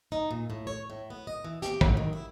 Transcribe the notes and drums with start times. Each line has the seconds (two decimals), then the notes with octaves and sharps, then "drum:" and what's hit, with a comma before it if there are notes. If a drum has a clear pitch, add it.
0.12 D#4
0.31 A#2
0.50 A2
0.67 C#5
0.90 A2
1.10 B3
1.27 D#5
1.44 E3
1.62 G4, drum: hi-hat
1.81 F#3, drum: kick
1.97 D#3
2.13 E4